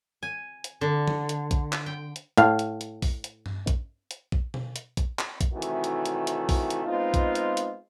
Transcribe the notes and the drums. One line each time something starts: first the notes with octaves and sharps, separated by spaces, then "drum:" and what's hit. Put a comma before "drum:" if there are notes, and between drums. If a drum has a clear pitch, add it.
G#5
drum: hi-hat
D3
drum: tom D3
drum: hi-hat
drum: kick, hi-hat
drum: clap
G5
drum: hi-hat
A2 F5, drum: hi-hat
drum: hi-hat
drum: hi-hat
drum: kick, open hi-hat
drum: hi-hat
drum: tom G2
drum: kick, hi-hat
drum: hi-hat
drum: kick
drum: tom B2
drum: hi-hat
drum: kick, hi-hat
drum: clap
drum: kick, hi-hat
A2 C3 D#3 E3 A3 F#4
drum: hi-hat
drum: hi-hat
drum: hi-hat
drum: hi-hat
drum: kick, open hi-hat
drum: hi-hat
G#3 B3 C4 D#4 F4
drum: kick, hi-hat
drum: hi-hat
drum: hi-hat